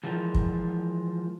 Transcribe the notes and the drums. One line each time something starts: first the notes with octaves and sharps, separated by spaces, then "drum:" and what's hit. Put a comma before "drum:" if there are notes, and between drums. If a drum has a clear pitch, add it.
E3 F3 G#3 F4 A#4
drum: kick